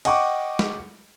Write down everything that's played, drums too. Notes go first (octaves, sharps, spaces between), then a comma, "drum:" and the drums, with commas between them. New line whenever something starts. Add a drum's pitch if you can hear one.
D#5 F#5 G5 C#6 D6, drum: cymbal
drum: snare